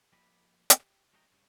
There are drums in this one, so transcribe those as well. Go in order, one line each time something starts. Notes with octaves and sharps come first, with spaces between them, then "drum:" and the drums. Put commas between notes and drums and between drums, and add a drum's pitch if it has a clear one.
F3 G3 A#3 G4 D#5 B5
G4, drum: hi-hat
F#3 A3 D4 D#5 G5 A#5
G2 C#3